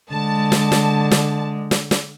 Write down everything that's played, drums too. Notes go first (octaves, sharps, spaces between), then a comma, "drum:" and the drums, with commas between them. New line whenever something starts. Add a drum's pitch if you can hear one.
D3 G#3 A5
drum: snare
drum: snare
drum: snare
drum: snare
drum: snare